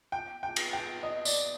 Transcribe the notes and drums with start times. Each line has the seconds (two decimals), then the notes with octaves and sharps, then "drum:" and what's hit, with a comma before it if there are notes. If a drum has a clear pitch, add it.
0.12 G5
0.43 G5
0.56 drum: cymbal
0.73 G5
1.03 D#5
1.25 D5, drum: tambourine